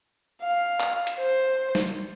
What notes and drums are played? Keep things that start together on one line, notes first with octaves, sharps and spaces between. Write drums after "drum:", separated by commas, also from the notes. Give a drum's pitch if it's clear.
F5
drum: clap
drum: hi-hat
C5
drum: snare